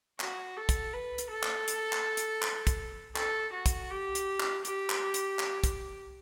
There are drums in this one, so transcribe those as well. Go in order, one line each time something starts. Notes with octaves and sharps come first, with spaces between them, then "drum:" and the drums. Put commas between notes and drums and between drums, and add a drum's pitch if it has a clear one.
F#4, drum: clap
A4
drum: kick, hi-hat
B4
drum: hi-hat
A4
drum: clap
drum: hi-hat
drum: clap
drum: hi-hat
drum: clap
drum: kick, hi-hat
A4, drum: clap
F#4
drum: kick, hi-hat
G4
drum: hi-hat
drum: clap
G4, drum: hi-hat
drum: clap
drum: hi-hat
drum: clap
drum: kick, hi-hat